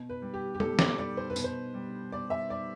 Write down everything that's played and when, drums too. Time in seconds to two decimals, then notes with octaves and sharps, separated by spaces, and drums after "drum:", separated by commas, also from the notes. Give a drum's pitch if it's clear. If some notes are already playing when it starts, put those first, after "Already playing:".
Already playing: B2
0.09 B4
0.22 G3
0.34 G4
0.54 G4
0.60 B2 A4, drum: tom
0.79 D5, drum: snare
0.98 G3 D5
1.17 C5
1.30 B4
1.36 B2, drum: tambourine
1.44 C5
1.74 G3
2.12 B2 D5
2.30 E5
2.50 G3 D5